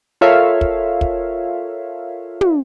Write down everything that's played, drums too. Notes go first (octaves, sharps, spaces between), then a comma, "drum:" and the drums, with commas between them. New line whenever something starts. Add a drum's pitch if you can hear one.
F4 A4 A#4 C#5 E5 F5
drum: kick
drum: kick
drum: tom